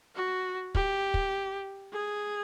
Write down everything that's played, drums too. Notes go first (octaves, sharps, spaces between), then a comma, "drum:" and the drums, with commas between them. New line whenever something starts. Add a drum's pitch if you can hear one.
F#4
G4, drum: kick
drum: kick
G#4